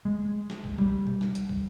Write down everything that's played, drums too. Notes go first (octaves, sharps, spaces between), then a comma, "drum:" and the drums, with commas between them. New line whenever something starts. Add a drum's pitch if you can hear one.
G#3
drum: snare
drum: kick
G3, drum: tom A#2
drum: tom B2
drum: snare
drum: hi-hat
drum: kick